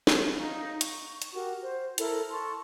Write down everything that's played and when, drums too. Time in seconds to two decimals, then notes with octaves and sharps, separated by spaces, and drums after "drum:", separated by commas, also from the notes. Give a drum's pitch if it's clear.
0.07 drum: snare
0.39 D#4 F5
0.81 C#6, drum: hi-hat
1.22 drum: hi-hat
1.33 F#4 G4 A#4
1.64 C5
1.98 E4 A4 A#4, drum: hi-hat
2.31 A5 C6 C#6